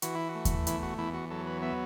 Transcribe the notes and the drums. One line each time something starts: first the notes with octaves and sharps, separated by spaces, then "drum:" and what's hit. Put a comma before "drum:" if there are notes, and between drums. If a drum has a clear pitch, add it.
E3 F#4, drum: hi-hat
E4
F#4
A3
drum: kick D#2, hi-hat
E2 E4, drum: hi-hat
F#4
E2 E4
F#4
F#3 A4
B4
B3 E5